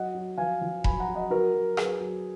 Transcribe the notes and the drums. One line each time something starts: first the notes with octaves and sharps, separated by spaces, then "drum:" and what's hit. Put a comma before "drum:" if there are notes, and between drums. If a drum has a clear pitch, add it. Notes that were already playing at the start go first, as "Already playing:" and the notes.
Already playing: F#3 D#5 F#5
F#3
F3 F5 G#5
F3
F#3 G#5 B5, drum: kick E1
F#5 A#5
F#3
D#5 F#5
F#3 F#4 A#4
F#3
F#3 G#4 B4, drum: rim click
F#3